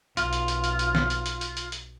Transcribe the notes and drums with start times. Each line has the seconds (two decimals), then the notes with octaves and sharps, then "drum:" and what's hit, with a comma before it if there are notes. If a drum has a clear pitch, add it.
0.17 B1 F4, drum: hi-hat
0.33 drum: hi-hat
0.48 drum: hi-hat
0.64 drum: hi-hat
0.79 drum: hi-hat
0.95 drum: snare
1.10 drum: hi-hat
1.26 drum: hi-hat
1.41 drum: hi-hat
1.57 drum: hi-hat
1.72 drum: hi-hat